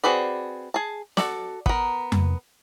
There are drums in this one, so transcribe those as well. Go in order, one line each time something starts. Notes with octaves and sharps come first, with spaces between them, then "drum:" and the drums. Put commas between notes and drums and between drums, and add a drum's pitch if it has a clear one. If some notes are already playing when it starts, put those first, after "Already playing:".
C4 F#4 G#4 B4 D5
G#4 A5
F#4 A4 D5, drum: snare
B3 A#4, drum: kick
drum: tom F2